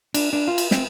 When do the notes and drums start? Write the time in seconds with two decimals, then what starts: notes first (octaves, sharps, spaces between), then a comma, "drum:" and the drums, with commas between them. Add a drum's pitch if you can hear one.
0.14 D4, drum: cymbal
0.33 D4
0.48 F4
0.58 drum: cymbal
0.71 C4, drum: snare